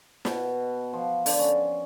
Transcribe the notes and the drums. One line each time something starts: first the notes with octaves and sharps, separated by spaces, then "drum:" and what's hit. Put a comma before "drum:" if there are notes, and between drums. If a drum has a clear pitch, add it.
B2, drum: snare
F3
D3, drum: open hi-hat
C#4